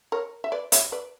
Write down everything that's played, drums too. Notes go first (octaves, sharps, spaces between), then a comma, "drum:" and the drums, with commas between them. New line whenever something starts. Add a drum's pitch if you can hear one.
A#4 C#5
E5
B4 D5
C#5 E5, drum: hi-hat
B4 D5